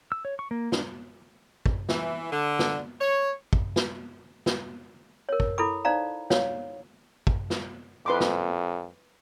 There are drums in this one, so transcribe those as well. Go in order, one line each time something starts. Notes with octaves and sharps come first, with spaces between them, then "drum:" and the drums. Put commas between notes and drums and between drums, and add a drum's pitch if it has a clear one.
E6
C#5
C#6
A#3
D4, drum: snare
drum: kick
E3, drum: snare
D3
drum: snare
C#5
drum: kick
drum: snare
drum: snare
A#4 C#5
drum: kick
E4 A4 B5 D6
D#4 C5 D5 F5 A#5
C#5 F5, drum: snare
drum: kick
drum: snare
F2 B4 C6 D6
drum: snare